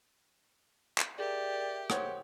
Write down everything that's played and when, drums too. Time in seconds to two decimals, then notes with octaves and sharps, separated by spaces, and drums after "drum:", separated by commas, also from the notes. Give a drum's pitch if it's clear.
0.98 drum: clap
1.18 G4 G#4 A#4 D5 E5
1.90 C5 C#5 F#5, drum: rim click